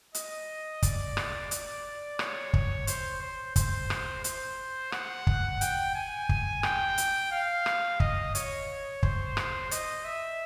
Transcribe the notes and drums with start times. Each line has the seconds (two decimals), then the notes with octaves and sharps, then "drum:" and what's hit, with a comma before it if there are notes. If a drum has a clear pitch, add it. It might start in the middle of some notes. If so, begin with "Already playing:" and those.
0.15 D#5, drum: hi-hat
0.83 D5, drum: kick, hi-hat
1.17 drum: rim click
1.51 D5, drum: hi-hat
2.19 C#5, drum: rim click
2.53 drum: kick
2.87 C5, drum: hi-hat
3.22 C5
3.56 C5, drum: kick, hi-hat
3.90 drum: rim click
4.24 C5, drum: hi-hat
4.92 F#5, drum: rim click
5.27 drum: kick
5.61 G5, drum: hi-hat
5.95 G#5
6.29 drum: kick
6.63 G5, drum: rim click
6.98 drum: hi-hat
7.32 F5
7.66 drum: rim click
8.00 D#5, drum: kick
8.35 C#5, drum: hi-hat
9.03 C5, drum: kick
9.37 drum: rim click
9.71 D#5, drum: hi-hat
10.05 E5